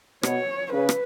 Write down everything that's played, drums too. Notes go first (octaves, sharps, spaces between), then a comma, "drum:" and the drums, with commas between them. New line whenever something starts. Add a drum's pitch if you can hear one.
B2 C#5, drum: rim click
C#3 B4
drum: rim click